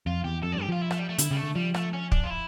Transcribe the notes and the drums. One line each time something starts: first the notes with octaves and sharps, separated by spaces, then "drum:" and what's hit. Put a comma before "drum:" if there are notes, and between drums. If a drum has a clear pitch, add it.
F2 F4
E2 G4
F2 A4
G2 D5
G4
F3 F4
E4
A3, drum: rim click
G3
A3
D3 E4, drum: hi-hat
C#3 G3
A3
D3
F3 G3
A3, drum: rim click
C#4
D4, drum: kick
F4
E4